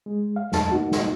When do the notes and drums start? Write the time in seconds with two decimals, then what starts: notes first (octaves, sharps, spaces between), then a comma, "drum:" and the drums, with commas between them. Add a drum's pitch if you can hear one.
0.06 G#3
0.36 F5
0.52 E2 G2 F#3 A3 A5, drum: snare
0.72 A#3 D#4 F#4
0.92 drum: snare